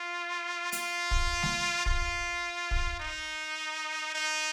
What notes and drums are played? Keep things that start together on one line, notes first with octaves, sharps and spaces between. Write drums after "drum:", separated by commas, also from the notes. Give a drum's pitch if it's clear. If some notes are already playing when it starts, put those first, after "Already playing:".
Already playing: F4
F4, drum: hi-hat
drum: kick
drum: snare
F4, drum: kick
drum: kick
D#4
D#4